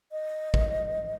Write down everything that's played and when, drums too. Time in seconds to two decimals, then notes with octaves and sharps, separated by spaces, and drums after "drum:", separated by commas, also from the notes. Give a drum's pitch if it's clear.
0.12 D#5
0.54 drum: kick